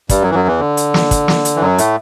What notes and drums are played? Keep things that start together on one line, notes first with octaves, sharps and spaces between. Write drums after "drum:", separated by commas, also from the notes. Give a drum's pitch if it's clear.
G2 G3, drum: kick, hi-hat
F#2 F#3
E3
F#2 F#3
E2 E3
D3
drum: hi-hat
drum: snare
drum: kick, hi-hat
drum: snare
drum: hi-hat
E3
F#2 F#3
A2 A3, drum: hi-hat